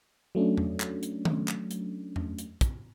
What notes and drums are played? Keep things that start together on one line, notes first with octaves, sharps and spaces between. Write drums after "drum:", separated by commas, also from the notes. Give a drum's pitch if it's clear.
F#3 A3 C#4 D4
drum: tom E2
drum: clap
drum: hi-hat
drum: tom D#3
drum: clap
drum: hi-hat
drum: tom E2
drum: hi-hat
drum: kick, hi-hat